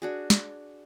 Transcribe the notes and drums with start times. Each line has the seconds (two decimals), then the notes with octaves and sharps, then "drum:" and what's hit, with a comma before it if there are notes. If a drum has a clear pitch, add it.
0.02 D4 F#4 G#4
0.30 drum: snare